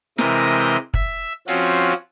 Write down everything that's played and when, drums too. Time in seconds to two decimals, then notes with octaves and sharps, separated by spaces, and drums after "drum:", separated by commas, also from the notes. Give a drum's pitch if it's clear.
0.18 C3 E3 G#3 A#4 D#5 G6, drum: snare
0.94 E5, drum: kick
1.48 F3 C4 C#4 F4 F#4, drum: hi-hat